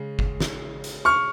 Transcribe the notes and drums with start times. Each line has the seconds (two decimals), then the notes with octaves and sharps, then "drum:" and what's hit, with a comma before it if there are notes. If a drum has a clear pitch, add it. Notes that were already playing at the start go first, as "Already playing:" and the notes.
Already playing: C#3 G#3
0.19 drum: kick F#1
0.40 drum: snare
0.84 drum: hi-hat
1.05 C#6 F6